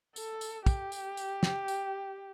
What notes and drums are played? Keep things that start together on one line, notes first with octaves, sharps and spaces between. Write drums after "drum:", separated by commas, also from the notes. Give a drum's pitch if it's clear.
A4, drum: tambourine
drum: tambourine
G4, drum: kick, tambourine
drum: tambourine
drum: tambourine
drum: snare
drum: tambourine